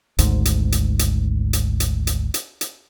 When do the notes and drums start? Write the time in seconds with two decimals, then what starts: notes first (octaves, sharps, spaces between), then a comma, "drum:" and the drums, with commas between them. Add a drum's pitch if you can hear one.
0.18 G#1 D2 G#2, drum: hi-hat
0.45 drum: hi-hat
0.72 drum: hi-hat
0.99 drum: hi-hat
1.53 drum: hi-hat
1.80 drum: hi-hat
2.07 drum: hi-hat
2.34 drum: hi-hat
2.61 drum: hi-hat